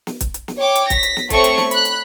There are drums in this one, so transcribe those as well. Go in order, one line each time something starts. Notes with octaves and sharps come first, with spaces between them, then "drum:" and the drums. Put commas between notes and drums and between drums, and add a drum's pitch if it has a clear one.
drum: snare
drum: kick, hi-hat
drum: hi-hat
drum: snare
C#5 G5 D6
drum: hi-hat
A#6 B6, drum: kick, hi-hat
drum: hi-hat
drum: snare
A3 C4 C#5 C#6, drum: kick, hi-hat
drum: hi-hat
drum: snare
B5 F#6, drum: hi-hat
drum: hi-hat